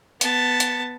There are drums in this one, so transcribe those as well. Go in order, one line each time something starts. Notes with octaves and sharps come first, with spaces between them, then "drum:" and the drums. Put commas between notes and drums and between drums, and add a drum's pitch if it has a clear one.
B3 A5, drum: hi-hat
drum: hi-hat